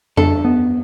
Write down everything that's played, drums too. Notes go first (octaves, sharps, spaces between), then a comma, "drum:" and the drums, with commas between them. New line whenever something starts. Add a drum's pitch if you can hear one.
D4 A4, drum: tom F2
B3